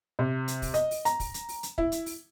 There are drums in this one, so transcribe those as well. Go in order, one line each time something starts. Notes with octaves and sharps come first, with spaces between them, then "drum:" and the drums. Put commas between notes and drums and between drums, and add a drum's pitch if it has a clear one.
C3
drum: hi-hat
drum: kick, open hi-hat
D#5, drum: hi-hat
drum: open hi-hat
A#5, drum: hi-hat
drum: kick, open hi-hat
drum: hi-hat
drum: open hi-hat
drum: hi-hat
E4, drum: kick
drum: hi-hat
drum: open hi-hat